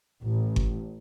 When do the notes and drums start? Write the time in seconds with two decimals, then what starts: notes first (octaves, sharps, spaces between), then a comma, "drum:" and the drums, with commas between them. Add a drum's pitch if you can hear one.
0.22 A1
0.56 drum: kick G1